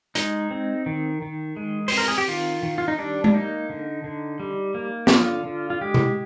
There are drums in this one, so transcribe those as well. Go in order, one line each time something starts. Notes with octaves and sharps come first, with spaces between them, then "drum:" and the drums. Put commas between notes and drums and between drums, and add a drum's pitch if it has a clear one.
G#3 D#4, drum: hi-hat
C4
D#3
D#3
G#3
C4 C5, drum: open hi-hat
A#4
G#4
G4
D#3 F4
D#3
F4
D#4
G3 D4
D4, drum: tom G#3
A#3 D#4
D3
D3
G3
A#3
G4, drum: snare
D3 F4
D3
F4
G#3 G4
drum: tom C3